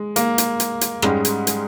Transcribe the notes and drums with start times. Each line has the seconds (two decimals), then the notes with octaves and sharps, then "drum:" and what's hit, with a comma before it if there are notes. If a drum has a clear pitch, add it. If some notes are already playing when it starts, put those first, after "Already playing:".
Already playing: G#3
0.16 A#3, drum: hi-hat
0.38 drum: hi-hat
0.60 drum: hi-hat
0.81 drum: hi-hat
1.02 G#2 G3 G#3 C#4 G4, drum: rim click
1.25 drum: hi-hat
1.47 G#3, drum: hi-hat